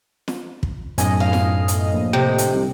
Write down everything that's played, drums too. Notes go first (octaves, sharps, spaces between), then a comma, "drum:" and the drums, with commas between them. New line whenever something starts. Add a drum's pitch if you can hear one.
drum: snare
drum: kick
B1 F#2 A2 D#5 G#5, drum: hi-hat
F5
drum: snare
drum: hi-hat
A#1
C3 G5
drum: hi-hat
C2